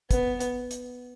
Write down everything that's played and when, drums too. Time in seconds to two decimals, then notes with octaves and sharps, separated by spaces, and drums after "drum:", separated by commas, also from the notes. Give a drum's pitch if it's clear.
0.11 B3, drum: kick, hi-hat
0.40 drum: hi-hat
0.71 drum: hi-hat